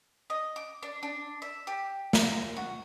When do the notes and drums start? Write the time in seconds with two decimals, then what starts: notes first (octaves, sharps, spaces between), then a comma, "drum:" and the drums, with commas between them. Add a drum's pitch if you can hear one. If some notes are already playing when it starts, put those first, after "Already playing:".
0.30 D#5
0.56 D6
0.83 D4
1.03 D4
1.42 E5
1.67 G4
2.13 A#4, drum: snare
2.57 F#4